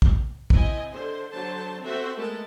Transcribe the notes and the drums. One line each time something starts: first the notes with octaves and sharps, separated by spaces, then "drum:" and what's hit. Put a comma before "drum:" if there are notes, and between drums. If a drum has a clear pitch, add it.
drum: kick
C4 E4 D#5 G#5, drum: kick
D3 C5
D3 F#3 C5 A5
C4 F#4 A4 C5 E5
G#3 A3 B3 A4 A#4 A5